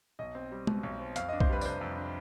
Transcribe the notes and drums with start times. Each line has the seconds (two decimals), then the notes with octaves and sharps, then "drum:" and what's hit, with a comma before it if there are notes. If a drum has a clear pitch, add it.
0.19 B1 D#5
0.35 C4
0.52 G3
0.67 B2, drum: tom G#3
0.83 B1
1.00 C4
1.16 F2 F5, drum: hi-hat
1.29 D4 D#5
1.40 C5, drum: kick B1
1.49 G3 B4
1.61 D5, drum: tambourine
1.65 C3 C5
1.81 F2
1.98 D4